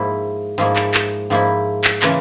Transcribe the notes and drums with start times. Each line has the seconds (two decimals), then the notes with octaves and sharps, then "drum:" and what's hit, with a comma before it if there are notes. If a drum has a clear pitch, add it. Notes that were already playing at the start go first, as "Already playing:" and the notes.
Already playing: G#2 F3 A#3 E4
0.58 G#2 F3 A#3 E4
0.76 drum: clap
0.94 drum: clap
1.30 G#2 F3 A#3 E4
1.84 drum: clap
2.02 C#3 E3 A#3 F4, drum: clap